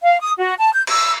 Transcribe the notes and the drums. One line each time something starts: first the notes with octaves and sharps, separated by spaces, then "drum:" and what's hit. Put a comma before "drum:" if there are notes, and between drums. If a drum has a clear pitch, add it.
F5
D#6
F#4
A5
G6
E6, drum: cymbal